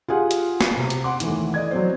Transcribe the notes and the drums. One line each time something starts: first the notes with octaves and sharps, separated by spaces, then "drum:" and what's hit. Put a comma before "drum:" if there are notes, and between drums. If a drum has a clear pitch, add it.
F4 G4 G#4 F#5
drum: hi-hat
drum: snare
C3
drum: hi-hat
F#5 C6 D6
D#2 E3 A3, drum: hi-hat
D5 D#5 G#6
F#3 C4 C5